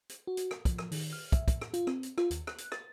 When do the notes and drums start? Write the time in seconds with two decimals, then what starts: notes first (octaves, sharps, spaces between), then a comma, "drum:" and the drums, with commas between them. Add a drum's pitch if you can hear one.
0.09 drum: hi-hat
0.27 F#4
0.37 drum: hi-hat
0.51 drum: rim click
0.65 F3, drum: kick, hi-hat
0.78 drum: rim click
0.92 D#3, drum: open hi-hat
1.13 F6
1.32 E5, drum: kick, hi-hat
1.48 drum: kick, hi-hat
1.61 drum: rim click
1.74 F4, drum: hi-hat
1.87 C4, drum: rim click
2.03 drum: hi-hat
2.18 F4, drum: rim click
2.31 D#2, drum: hi-hat
2.47 F#6, drum: rim click
2.58 drum: hi-hat
2.72 A6, drum: rim click